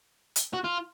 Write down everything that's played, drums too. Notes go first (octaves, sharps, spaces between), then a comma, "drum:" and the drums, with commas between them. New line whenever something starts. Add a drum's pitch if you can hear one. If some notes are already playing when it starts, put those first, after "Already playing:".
drum: hi-hat
F#4
F4